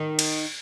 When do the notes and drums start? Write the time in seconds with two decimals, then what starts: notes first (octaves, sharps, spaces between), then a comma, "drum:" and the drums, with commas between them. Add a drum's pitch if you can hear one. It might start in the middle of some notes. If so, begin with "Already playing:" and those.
Already playing: D#3
0.19 drum: cymbal